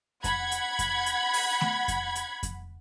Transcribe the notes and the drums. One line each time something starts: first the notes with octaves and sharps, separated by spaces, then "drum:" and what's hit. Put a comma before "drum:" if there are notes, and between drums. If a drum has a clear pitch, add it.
F#5 B5 G#6, drum: kick F2, hi-hat
drum: hi-hat
drum: kick F2, hi-hat
drum: hi-hat
drum: open hi-hat
drum: snare A3
drum: kick F2, hi-hat
drum: hi-hat
drum: kick F2, hi-hat